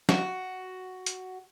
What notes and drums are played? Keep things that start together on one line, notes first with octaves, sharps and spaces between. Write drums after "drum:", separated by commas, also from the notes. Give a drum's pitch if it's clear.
F#4, drum: snare
drum: hi-hat